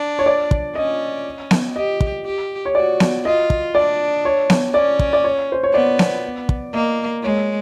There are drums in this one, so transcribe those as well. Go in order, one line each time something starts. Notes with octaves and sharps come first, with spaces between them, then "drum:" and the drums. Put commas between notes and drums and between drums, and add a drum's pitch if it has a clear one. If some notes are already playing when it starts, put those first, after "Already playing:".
Already playing: D4
C#5
D5
drum: kick
C#4 D#5
drum: snare B3
G4 D#5
drum: kick
G4
C#5
F#4 D5
drum: snare B3
F4 D#5
drum: kick
D4 D5
C#5
drum: snare B3
C#4 D5
drum: kick
D5
C#5
C5
C#5
B3 D5
drum: snare B3
drum: kick
A#3 D#5
G#3 C#5